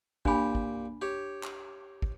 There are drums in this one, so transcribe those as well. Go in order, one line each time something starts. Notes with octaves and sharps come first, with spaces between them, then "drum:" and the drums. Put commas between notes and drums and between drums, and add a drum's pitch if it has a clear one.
A#2 D4 G4 G#5 B5, drum: kick
drum: kick
G4 C#5
drum: clap
drum: kick